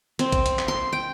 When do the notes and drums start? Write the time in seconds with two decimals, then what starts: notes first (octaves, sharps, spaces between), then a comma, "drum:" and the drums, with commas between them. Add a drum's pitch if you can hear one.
0.19 C4, drum: hi-hat
0.32 drum: kick, hi-hat
0.46 drum: hi-hat
0.59 drum: clap
0.68 C6
0.93 G5